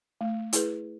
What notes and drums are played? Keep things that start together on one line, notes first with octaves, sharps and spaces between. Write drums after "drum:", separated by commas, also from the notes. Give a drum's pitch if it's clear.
A3
E4 G#4 B4, drum: hi-hat